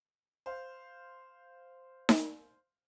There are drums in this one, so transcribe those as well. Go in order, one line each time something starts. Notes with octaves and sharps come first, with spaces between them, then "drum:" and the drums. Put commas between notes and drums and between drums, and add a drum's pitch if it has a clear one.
C5 F5
drum: snare D#4